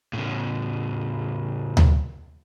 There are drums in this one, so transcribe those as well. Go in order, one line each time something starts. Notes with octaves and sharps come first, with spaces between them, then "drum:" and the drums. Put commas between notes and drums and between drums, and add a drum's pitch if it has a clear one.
A2 C#3
drum: tom D2